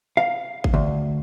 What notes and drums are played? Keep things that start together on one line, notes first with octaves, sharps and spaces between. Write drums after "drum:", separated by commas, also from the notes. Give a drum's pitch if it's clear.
F5
drum: kick G#1
D2